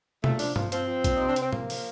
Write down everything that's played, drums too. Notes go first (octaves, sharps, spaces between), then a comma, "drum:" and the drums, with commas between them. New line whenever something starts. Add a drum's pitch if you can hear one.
A#2 A3, drum: tom B2
F3 D4, drum: open hi-hat
F3, drum: tom G2
F3 C4, drum: hi-hat
F3
A#2, drum: kick, hi-hat
C3 D#4
D4
C3 C4, drum: hi-hat
C3 A#3, drum: tom A2
F3, drum: open hi-hat